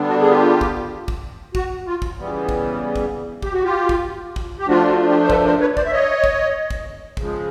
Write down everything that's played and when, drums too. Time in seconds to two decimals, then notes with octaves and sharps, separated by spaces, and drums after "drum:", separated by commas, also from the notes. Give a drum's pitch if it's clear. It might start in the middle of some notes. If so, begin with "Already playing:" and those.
Already playing: D3 G3 B3 D4
0.09 F#4
0.21 G#4
0.30 F4 G4
0.61 drum: kick
1.08 drum: kick
1.55 F#4, drum: kick
1.86 F4
2.02 drum: kick
2.18 C#3 E3 G3 B3
2.49 drum: kick
2.96 drum: kick
3.42 G4, drum: kick
3.53 F#4
3.63 F4 G4
3.89 drum: kick
4.36 drum: kick
4.59 G4
4.67 F3 A3 D4 F4 F#4
4.88 F#4
5.09 F4 G4
5.23 C5
5.30 A4 B4, drum: kick
5.46 A#4 C5
5.61 B4 C#5
5.77 C5 D5, drum: kick
5.85 E5
5.92 C#5 D#5
6.24 drum: kick
6.71 drum: kick
7.17 C#3 F3 G#3, drum: kick